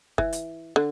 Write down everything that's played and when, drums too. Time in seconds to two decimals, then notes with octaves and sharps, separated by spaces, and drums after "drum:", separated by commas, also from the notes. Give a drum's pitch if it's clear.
0.18 E3, drum: kick
0.33 drum: hi-hat
0.76 D3